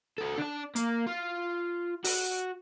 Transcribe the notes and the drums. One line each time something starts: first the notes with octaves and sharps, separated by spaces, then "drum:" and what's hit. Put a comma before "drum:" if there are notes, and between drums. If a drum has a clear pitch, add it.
F#4 A4
D4 D5
A#3, drum: hi-hat
F4
F#4, drum: open hi-hat